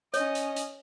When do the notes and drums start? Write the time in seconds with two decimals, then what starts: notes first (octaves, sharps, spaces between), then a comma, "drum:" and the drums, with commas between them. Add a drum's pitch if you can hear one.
0.14 C#4 C#5 D#5, drum: hi-hat
0.35 drum: hi-hat
0.56 drum: hi-hat